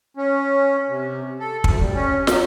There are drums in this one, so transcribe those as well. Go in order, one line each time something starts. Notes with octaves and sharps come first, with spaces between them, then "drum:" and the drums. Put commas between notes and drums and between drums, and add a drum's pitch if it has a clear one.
C#4
C3
A4
D2, drum: kick
G3
C#4
F#3, drum: snare